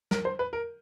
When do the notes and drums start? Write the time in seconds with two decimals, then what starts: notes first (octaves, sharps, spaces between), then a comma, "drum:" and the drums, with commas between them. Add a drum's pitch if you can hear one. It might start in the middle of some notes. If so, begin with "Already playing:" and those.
0.11 A#4, drum: snare
0.25 C5
0.39 B4
0.53 A#4